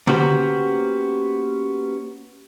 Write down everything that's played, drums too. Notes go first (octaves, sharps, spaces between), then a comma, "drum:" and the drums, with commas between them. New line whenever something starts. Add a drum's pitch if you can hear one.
A#3 B3 C#4 F#4 G4 C5, drum: tom D3